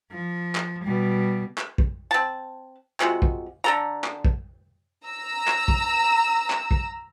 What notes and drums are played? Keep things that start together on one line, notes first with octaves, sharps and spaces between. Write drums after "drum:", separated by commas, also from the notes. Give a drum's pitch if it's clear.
F3
drum: clap
B2 G3
drum: clap
drum: kick A#1
C4 A5
C3 G#3 F4 F#4, drum: clap
drum: kick A#1
D3 A4 A#5
drum: clap
drum: kick A#1
A#5 E6
drum: clap
drum: kick A#1
drum: clap
drum: kick A#1